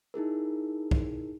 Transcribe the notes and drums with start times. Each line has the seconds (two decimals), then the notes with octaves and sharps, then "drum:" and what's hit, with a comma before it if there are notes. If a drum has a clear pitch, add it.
0.14 D#4 E4 G#4 A#4
0.91 drum: kick